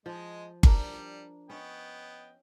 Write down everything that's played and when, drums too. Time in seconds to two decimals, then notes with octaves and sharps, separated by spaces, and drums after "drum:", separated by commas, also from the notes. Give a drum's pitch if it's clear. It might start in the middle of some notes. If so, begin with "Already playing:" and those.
0.06 F3 G#3 D#5
0.63 G3 D4 A#4, drum: kick G1
1.50 B3 C#4 D#5 G5